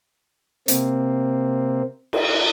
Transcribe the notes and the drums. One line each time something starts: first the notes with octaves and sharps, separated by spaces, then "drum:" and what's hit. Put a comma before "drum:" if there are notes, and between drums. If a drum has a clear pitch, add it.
C3 A#3 C4, drum: hi-hat
drum: cymbal